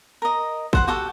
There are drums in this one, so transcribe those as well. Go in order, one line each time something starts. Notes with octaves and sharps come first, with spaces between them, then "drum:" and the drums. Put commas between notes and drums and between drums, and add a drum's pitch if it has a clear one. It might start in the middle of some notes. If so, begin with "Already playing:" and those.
A#4 D#5
C5 F#5 C6, drum: kick
F#4 G4 A4 F#5